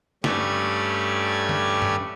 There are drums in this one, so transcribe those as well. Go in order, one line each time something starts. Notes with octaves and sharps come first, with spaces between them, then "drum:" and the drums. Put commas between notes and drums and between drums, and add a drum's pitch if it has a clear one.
G2 A3 C#4 G4 D5 G#6, drum: snare
drum: tom D3
drum: tom G2